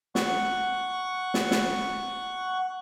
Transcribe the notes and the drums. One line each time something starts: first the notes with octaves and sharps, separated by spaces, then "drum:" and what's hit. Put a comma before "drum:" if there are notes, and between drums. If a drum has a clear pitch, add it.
F#5 C#6, drum: snare
drum: snare
drum: snare